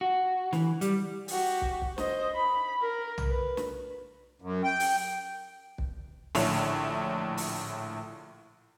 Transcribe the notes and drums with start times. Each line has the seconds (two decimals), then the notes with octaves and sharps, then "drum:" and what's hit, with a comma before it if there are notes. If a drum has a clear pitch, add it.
0.01 F#4
0.53 E3, drum: snare
0.81 G3, drum: hi-hat
1.28 F#4 G4, drum: open hi-hat
1.61 drum: kick
1.82 drum: kick
1.98 C5 D#5, drum: snare
2.35 B5
2.82 A#4
3.18 drum: tom
3.28 B4
3.57 drum: snare
4.42 F#2
4.64 G5
4.80 drum: open hi-hat
5.78 drum: kick
6.35 A#1 A2 D3 C#5 E5 F7, drum: open hi-hat
7.37 drum: open hi-hat